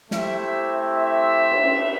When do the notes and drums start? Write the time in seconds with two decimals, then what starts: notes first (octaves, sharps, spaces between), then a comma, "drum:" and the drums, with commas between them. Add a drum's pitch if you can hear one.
0.11 A3 C4 E4 G4 E5, drum: snare
0.96 E5
1.52 drum: cymbal